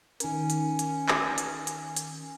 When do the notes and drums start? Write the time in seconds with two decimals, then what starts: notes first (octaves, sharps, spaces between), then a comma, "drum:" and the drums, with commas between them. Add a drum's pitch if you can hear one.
0.20 D#3 C#4 A#4, drum: hi-hat
0.50 drum: hi-hat
0.79 drum: hi-hat
1.08 drum: clap
1.38 drum: hi-hat
1.67 drum: hi-hat
1.97 drum: hi-hat